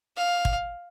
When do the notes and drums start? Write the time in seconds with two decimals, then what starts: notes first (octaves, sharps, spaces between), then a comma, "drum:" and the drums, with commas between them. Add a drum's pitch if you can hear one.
0.17 F5
0.45 drum: kick